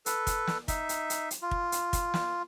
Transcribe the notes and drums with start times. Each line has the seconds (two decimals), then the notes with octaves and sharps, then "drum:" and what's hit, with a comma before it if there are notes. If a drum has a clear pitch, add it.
0.06 A4 B4, drum: hi-hat
0.27 drum: kick, hi-hat
0.47 drum: snare
0.68 D#4 E5, drum: kick, hi-hat
0.89 drum: hi-hat
1.10 drum: hi-hat
1.31 drum: hi-hat
1.42 F4
1.51 drum: kick
1.72 drum: hi-hat
1.93 drum: kick, hi-hat
2.14 drum: snare